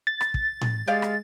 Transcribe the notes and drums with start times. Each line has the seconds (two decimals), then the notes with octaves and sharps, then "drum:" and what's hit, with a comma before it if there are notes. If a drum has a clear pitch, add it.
0.07 A6
0.21 drum: rim click
0.34 drum: kick
0.61 drum: tom A2
0.87 G#3 G4 D5 F5
1.02 drum: rim click